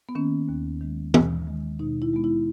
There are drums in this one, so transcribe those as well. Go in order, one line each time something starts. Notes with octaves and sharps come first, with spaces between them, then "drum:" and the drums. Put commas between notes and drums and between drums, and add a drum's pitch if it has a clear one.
B3
D#3 A#3 C#4
D#2
D#3 G#3
D#2, drum: tom
D#3 G#3
B2 D#4
E4
G#3 B3
E4